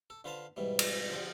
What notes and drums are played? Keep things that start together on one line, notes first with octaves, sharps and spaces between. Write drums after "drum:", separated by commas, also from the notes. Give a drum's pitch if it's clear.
A4
D3 F4 B4 C5 F5 A5
G#2 B2 E3 G3
drum: cymbal
D3 F3 G4 F#5